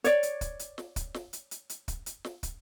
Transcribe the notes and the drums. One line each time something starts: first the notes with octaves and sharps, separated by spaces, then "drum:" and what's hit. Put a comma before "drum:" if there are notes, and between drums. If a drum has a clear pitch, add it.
C#5 D5, drum: hi-hat
drum: hi-hat
drum: kick, hi-hat
drum: hi-hat
drum: snare
drum: kick, hi-hat
drum: snare
drum: hi-hat
drum: hi-hat
drum: hi-hat
drum: kick, hi-hat
drum: hi-hat
drum: snare
drum: kick, hi-hat